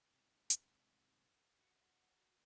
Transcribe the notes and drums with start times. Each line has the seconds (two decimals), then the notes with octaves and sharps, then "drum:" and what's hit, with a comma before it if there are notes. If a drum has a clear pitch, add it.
0.14 G#2 C3
0.50 drum: hi-hat
1.60 F#4 F#5